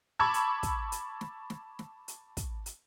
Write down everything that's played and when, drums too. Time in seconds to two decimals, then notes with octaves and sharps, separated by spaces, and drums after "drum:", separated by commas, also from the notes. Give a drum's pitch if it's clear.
0.19 A5 B5 C#6 D6 E6 G#6
0.34 drum: hi-hat
0.63 drum: kick, hi-hat
0.92 drum: hi-hat
1.21 drum: snare
1.50 drum: snare
1.79 drum: snare
2.08 drum: hi-hat
2.37 drum: kick, hi-hat
2.66 drum: hi-hat